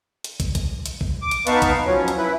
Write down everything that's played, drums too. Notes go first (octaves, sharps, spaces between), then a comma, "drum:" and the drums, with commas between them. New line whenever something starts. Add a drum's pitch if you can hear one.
drum: hi-hat
drum: kick, hi-hat
drum: kick, hi-hat
drum: hi-hat
drum: kick
D6
drum: hi-hat
B3 D#4 B4 F5 A5 C#6, drum: hi-hat
drum: kick, hi-hat
F3 F#3 C#4
drum: hi-hat
E4 B4